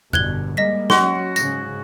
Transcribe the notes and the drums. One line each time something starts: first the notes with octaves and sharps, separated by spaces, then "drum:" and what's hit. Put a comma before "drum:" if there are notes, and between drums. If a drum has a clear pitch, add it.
G1 B2 D3 F#6 G#6 G7, drum: tom F2
G3 G#3 A#3 D#5 A#6 B6
F#3 C#4 F#4 C6, drum: snare
G#2 C#3 A#6, drum: tambourine